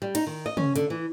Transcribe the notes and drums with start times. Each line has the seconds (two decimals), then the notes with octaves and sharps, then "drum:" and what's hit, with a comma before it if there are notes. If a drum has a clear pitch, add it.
0.02 G3
0.15 D#4, drum: cymbal
0.27 D#3
0.46 D#5
0.57 C#4, drum: tom
0.76 D3, drum: hi-hat
0.90 E3